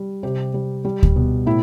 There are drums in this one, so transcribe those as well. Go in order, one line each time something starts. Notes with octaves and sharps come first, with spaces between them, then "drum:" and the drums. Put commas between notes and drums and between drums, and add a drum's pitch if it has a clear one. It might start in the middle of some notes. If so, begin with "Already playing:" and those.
Already playing: G3
C3 G4
G3
G3
drum: kick D2
B2
A2 E4